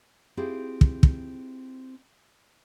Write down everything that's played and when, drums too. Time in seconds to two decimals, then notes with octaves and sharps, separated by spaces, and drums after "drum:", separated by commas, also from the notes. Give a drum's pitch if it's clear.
0.37 C4 E4 F4 G4 G#4
0.81 drum: kick
1.03 drum: kick